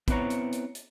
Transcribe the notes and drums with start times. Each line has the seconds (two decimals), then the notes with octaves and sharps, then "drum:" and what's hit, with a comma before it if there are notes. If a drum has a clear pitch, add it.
0.08 B3 C4 E4 B4 C#5 A#5, drum: kick, hi-hat
0.30 drum: hi-hat
0.52 drum: hi-hat
0.75 drum: hi-hat